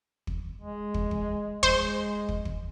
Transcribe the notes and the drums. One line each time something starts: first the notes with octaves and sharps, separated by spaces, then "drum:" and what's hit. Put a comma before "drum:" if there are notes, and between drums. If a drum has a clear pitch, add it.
drum: kick
G#3
drum: kick
drum: kick
G#3 C5, drum: kick
drum: kick
drum: kick